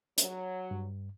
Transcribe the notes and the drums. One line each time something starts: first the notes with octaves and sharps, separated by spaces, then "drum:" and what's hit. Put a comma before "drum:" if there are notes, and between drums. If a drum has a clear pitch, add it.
F#3, drum: hi-hat
G2